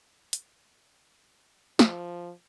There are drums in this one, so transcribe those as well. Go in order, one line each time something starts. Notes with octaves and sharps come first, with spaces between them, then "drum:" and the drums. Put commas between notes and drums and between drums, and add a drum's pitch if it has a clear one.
drum: hi-hat
F3, drum: snare